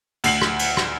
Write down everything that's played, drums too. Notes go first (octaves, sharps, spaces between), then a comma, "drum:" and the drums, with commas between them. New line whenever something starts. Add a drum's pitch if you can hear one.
D2 C7 F#7, drum: cymbal
drum: rim click
drum: cymbal
drum: rim click